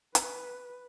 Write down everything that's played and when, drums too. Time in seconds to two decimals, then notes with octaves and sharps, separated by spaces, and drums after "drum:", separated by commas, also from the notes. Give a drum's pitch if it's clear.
0.15 B4, drum: hi-hat